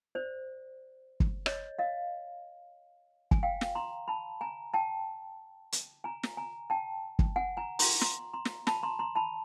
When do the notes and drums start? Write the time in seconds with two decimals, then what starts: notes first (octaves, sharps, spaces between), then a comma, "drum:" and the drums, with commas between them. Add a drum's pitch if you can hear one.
0.15 C5 D5
1.20 drum: kick
1.46 C#5 D#5, drum: rim click
1.79 D#5 F5
3.31 G#5, drum: kick
3.43 F5 G5
3.61 drum: snare
3.75 A#5 C6
4.08 A5 B5
4.41 G#5 A#5
4.74 G5 A5
5.72 drum: hi-hat
6.04 G#5 A#5
6.23 drum: snare
6.37 G#5 A#5
6.70 G5 A5
7.19 drum: kick
7.36 F#5 G#5
7.57 G#5 A#5
7.79 A#5 C6, drum: open hi-hat
8.01 A#5 C6, drum: snare
8.34 A#5 C6
8.45 drum: snare
8.67 A5 B5, drum: snare
8.83 A#5 C6
8.99 A#5 C6
9.16 A5 B5